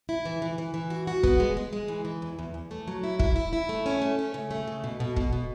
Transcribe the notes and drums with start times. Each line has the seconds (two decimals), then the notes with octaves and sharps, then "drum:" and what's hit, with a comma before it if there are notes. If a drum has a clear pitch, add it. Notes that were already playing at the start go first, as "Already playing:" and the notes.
0.09 E4
0.25 E3
0.42 E3
0.58 E3
0.74 E3
0.90 F#4
1.07 F#4
1.23 B3, drum: kick
1.40 G#3
1.57 G#3
1.73 G#3
1.88 E3
2.05 E3
2.22 E2
2.39 E2
2.54 E2
2.71 A3
2.88 F#3
3.03 E4
3.20 E4, drum: kick
3.36 E4
3.53 E4
3.69 A3
3.86 C#4
4.02 A3
4.19 C#4
4.34 C#3
4.51 A3
4.67 C#3
4.84 B2
5.00 B2
5.16 B2, drum: kick
5.33 B2